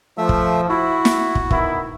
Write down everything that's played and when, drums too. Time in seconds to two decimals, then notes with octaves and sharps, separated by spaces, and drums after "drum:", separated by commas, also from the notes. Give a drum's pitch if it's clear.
0.18 F3 A3 E5
0.29 drum: kick
0.69 E4 F#4
1.05 drum: snare
1.35 drum: kick
1.51 D#3 B3 E4, drum: kick